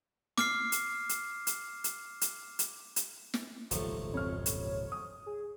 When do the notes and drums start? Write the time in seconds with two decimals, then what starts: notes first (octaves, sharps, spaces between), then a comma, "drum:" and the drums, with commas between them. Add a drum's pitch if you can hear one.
0.38 D6 F6 C7, drum: snare
0.72 drum: hi-hat
1.09 drum: hi-hat
1.47 drum: hi-hat
1.84 drum: hi-hat
2.21 drum: hi-hat
2.59 drum: hi-hat
2.96 drum: hi-hat
3.34 drum: snare
3.71 D#1 G#1 C#2 F3 F#3 A3, drum: hi-hat
4.14 F2 C#5 F6
4.46 drum: hi-hat
4.92 D#6
5.26 G#4